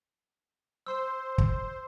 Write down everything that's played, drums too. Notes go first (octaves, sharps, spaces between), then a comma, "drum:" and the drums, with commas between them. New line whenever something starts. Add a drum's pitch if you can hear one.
C5 C6 E6
drum: kick